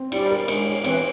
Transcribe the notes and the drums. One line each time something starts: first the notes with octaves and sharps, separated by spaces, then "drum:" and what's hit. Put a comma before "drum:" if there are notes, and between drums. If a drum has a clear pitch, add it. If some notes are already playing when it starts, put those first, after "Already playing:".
Already playing: C4
G3 E4, drum: cymbal
A#4
G#3, drum: cymbal
C#5
E3 C4, drum: cymbal